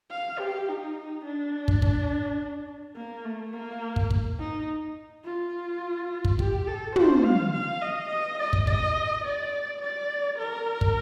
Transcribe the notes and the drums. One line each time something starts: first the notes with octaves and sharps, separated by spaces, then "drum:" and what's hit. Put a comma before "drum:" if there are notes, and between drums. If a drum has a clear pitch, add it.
F5
G4
D#4
D4
drum: kick
drum: kick
A#3
A3
A#3
drum: kick
drum: kick
D#4
F4
drum: kick
G4, drum: kick
A4
C5, drum: tom
F5
F5
D#5
D#5
D#5
drum: kick
D#5, drum: kick
D5
D5
A#4
drum: kick